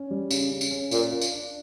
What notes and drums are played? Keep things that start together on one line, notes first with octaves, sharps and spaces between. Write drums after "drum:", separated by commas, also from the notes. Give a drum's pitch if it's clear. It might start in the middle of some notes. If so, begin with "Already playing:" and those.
Already playing: C#4
G3
C#3, drum: tambourine
C#3
drum: tambourine
C#4
A#2 A#4, drum: tambourine
F4
drum: tambourine
D4